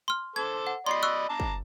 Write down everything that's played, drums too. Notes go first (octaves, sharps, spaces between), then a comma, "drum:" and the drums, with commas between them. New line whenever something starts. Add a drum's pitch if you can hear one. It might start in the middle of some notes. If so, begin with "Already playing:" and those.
C6 F6
A4 C5 D6 G#6
F#5
D5 D#5 B5 C6 C7
C#6 E6 F#6
A5 A#5 D6
drum: kick